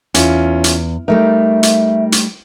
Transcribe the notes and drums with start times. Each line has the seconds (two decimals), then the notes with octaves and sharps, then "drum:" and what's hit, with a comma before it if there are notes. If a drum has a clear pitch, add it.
0.14 E2 C#4 E4 F4, drum: hi-hat
0.64 drum: hi-hat
1.08 G3 A3 D#4 A#4 E5
1.63 drum: hi-hat
2.12 drum: hi-hat